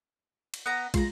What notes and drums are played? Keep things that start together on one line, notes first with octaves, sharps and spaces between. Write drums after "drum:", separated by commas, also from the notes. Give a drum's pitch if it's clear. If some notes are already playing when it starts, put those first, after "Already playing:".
drum: cymbal
B3 A#5
G#3 F4 A#5 C6, drum: kick, cymbal